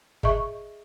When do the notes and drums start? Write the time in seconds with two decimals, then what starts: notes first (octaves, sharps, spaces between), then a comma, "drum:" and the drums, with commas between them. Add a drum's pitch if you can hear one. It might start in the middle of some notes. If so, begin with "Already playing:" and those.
0.23 G#4 D#5 E5 C#6, drum: kick G1